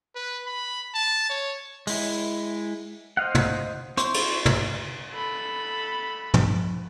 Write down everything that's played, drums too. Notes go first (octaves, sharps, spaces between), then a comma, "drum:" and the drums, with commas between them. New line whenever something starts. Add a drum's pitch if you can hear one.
B4
B5
A5
C#5
G#3 E4, drum: open hi-hat
C5 D#5 F5 F#5
drum: tom
E4 C5 C6 C#6, drum: hi-hat
drum: cymbal
drum: tom
A4 B5
drum: tom